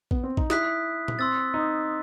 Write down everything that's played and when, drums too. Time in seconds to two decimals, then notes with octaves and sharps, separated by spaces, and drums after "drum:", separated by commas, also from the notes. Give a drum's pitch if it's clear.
0.11 B3, drum: kick A#1
0.23 C4
0.37 D#4, drum: kick A#1
0.50 E4 D#6 F#6 B6, drum: snare
1.08 drum: tom A#2
1.19 C4 C6 E6 A6
1.54 D#4